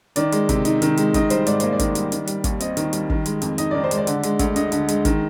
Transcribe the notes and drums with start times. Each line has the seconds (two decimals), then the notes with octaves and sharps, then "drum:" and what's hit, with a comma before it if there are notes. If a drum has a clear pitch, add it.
0.16 D#3 D5, drum: hi-hat
0.32 G#3, drum: hi-hat
0.49 C3, drum: kick, hi-hat
0.65 D#4, drum: hi-hat
0.82 D#3, drum: hi-hat
0.97 G#3, drum: hi-hat
1.14 D#3 D#5, drum: kick, hi-hat
1.30 G3 C5, drum: hi-hat
1.47 G#2 D5, drum: hi-hat
1.60 A#3 C5, drum: hi-hat
1.72 D5
1.79 D#3, drum: kick, hi-hat
1.95 G3, drum: hi-hat
2.12 D#3, drum: hi-hat
2.27 G3, drum: hi-hat
2.44 D#2, drum: kick, hi-hat
2.60 C4 D#5, drum: hi-hat
2.77 D#3, drum: hi-hat
2.93 G3, drum: hi-hat
3.10 D#3, drum: kick
3.26 G#3, drum: hi-hat
3.42 F2, drum: hi-hat
3.58 D#4 D#5, drum: hi-hat
3.71 D#3 D5
3.84 C5
3.91 G#3, drum: hi-hat
3.98 D5
4.07 D3, drum: hi-hat
4.23 G#3, drum: hi-hat
4.39 D2, drum: kick, hi-hat
4.56 D2 D#5, drum: hi-hat
4.72 D3, drum: hi-hat
4.88 G#3, drum: hi-hat
5.05 D#3, drum: kick, hi-hat